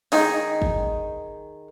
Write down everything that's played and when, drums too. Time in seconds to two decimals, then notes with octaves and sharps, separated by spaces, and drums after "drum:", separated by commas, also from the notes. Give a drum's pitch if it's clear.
0.12 D#3 D#4 G#4 G5, drum: open hi-hat
0.62 drum: kick